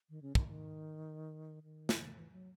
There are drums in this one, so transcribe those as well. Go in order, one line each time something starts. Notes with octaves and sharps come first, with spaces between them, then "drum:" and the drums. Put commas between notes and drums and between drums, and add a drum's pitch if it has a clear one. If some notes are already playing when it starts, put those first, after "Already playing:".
D#3
C#3
D#3, drum: kick
D#3
D#3
drum: snare
E3
F#3